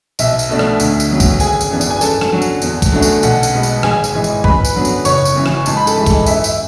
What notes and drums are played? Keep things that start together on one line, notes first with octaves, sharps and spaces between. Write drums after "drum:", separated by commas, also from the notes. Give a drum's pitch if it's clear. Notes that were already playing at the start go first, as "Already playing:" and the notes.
B1 E5, drum: tambourine
drum: tambourine
B2 A3 D4
drum: rim click
D2, drum: tambourine
drum: tambourine
C#3 F#3 B3
drum: kick, tambourine
G#1 G#4 G#5, drum: tambourine
drum: tambourine
F#2 E3 B3 D4
drum: tambourine
G#5
F#2 A4 A5, drum: tambourine
drum: rim click
D3 F#3 C#4
drum: tambourine
E2, drum: tambourine
drum: kick, tambourine
D3 F#3 A3 C#4
drum: tambourine
B1 F#5, drum: tambourine
drum: tambourine
B2 G#3 B3
drum: tambourine
G#1 G#4 G#5, drum: rim click
drum: tambourine
G#2 E3 G#3
drum: tambourine
F#2 B4 B5, drum: kick
drum: tambourine
D3 F#3 B3
drum: tambourine
F#1 C#5 C#6, drum: tambourine
drum: tambourine
F#2 E3
drum: rim click
G#2 A5, drum: tambourine
B5
A4 A5, drum: tambourine
E3 G#3
drum: kick, tambourine
F#2 E5, drum: tambourine
E5, drum: tambourine